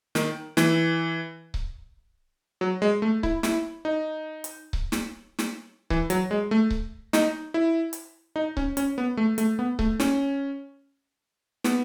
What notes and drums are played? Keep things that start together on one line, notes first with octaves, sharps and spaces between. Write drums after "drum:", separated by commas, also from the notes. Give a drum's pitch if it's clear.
D#3, drum: snare
E3, drum: snare
drum: kick C#1
F#3
G#3
A3
E4, drum: kick C#1
E4, drum: snare
D#4
drum: hi-hat
drum: kick C#1
drum: snare
drum: snare
E3, drum: kick C#1
F#3, drum: hi-hat
G#3
A3
drum: kick C#1
D#4, drum: snare
E4
drum: hi-hat
D#4
C#4, drum: kick C#1
C#4, drum: hi-hat
B3
A3
A3, drum: hi-hat
B3
A3, drum: kick C#1
C#4, drum: snare
B3, drum: snare